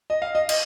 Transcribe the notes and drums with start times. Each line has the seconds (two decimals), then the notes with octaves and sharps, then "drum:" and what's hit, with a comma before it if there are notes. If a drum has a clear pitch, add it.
0.10 D#5
0.22 F5
0.35 D#5
0.49 D#5, drum: cymbal